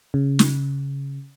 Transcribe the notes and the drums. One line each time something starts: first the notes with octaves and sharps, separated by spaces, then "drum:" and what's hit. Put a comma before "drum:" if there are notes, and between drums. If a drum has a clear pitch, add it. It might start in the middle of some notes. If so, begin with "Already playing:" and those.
C#3
drum: snare